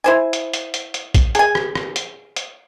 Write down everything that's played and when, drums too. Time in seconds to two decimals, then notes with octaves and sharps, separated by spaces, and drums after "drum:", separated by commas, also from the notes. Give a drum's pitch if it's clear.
0.04 E4 C5 G#5
0.33 drum: hi-hat
0.53 drum: hi-hat
0.74 drum: hi-hat
0.94 drum: hi-hat
1.14 drum: kick, hi-hat
1.35 G#4 G#5, drum: hi-hat
1.55 drum: rim click
1.75 drum: rim click
1.96 drum: hi-hat
2.36 drum: hi-hat